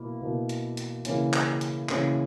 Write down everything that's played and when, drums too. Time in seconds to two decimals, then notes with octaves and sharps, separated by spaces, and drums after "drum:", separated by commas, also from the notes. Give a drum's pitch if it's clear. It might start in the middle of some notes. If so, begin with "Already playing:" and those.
Already playing: B2 A#3 E4
0.21 B2 A#3 E4
0.49 drum: hi-hat
0.77 drum: hi-hat
1.05 C#3 E3 A#3 C#4 E4, drum: hi-hat
1.33 drum: clap
1.61 drum: hi-hat
1.89 C#3 E3 A#3 C#4 E4, drum: clap